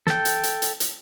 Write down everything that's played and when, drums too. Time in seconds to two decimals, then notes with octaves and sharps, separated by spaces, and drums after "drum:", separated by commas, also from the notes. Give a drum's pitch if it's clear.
0.07 A4 G5, drum: snare
0.25 drum: hi-hat
0.43 drum: hi-hat
0.62 drum: hi-hat
0.80 drum: hi-hat